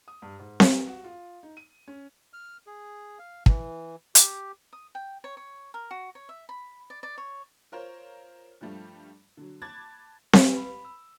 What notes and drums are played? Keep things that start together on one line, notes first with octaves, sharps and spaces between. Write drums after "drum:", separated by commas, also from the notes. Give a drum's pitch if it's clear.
D#6
G2
G#2
A#4, drum: snare C4
F#4
F4
D#4
D#7
C#4
F6
G#4
F5
E3, drum: kick
G4, drum: hi-hat
D#6
G5
C#5
C#5
A#4
F#4
C#5
E5
B5
D5
D5
C#5
F4 A#4 C5 C#5
G2 F3 G3 A3
D3 F#3
A5 B5 D6 F#6 G#6 A6
B4, drum: snare C4
B5
E6